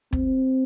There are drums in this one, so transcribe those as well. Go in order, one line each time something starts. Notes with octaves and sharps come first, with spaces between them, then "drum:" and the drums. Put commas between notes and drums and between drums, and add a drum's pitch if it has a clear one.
C4, drum: kick